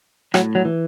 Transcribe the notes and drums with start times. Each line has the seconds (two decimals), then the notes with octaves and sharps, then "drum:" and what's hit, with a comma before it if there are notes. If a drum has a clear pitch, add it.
0.34 A2 F#3, drum: rim click
0.55 F#3
0.65 E3